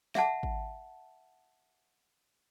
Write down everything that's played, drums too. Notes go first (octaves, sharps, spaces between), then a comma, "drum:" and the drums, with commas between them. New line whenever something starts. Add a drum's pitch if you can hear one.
E5 F#5 A5, drum: snare
drum: kick G#1